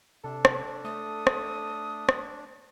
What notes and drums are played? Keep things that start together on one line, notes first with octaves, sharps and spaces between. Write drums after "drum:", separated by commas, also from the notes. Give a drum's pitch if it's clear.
C3 D4 A4
drum: rim click
A3 D#6
drum: rim click
drum: rim click